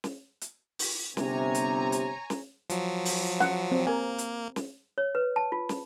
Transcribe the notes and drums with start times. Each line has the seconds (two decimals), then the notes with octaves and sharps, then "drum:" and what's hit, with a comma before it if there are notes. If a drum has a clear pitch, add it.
0.04 drum: snare
0.41 drum: hi-hat
0.79 drum: open hi-hat
1.17 G1 C3 C#5 G#5 A#5, drum: snare
1.55 drum: hi-hat
1.92 drum: hi-hat
2.30 drum: snare
2.70 F3 F#3, drum: hi-hat
3.05 drum: open hi-hat
3.40 F#5, drum: snare
3.71 C4
3.87 A#3 A#4 G#5
4.18 drum: hi-hat
4.56 drum: snare
4.98 C#5
5.15 B4
5.36 A5
5.52 F4
5.69 drum: snare